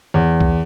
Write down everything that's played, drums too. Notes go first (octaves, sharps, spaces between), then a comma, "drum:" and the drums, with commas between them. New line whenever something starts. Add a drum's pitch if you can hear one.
E2
drum: kick C2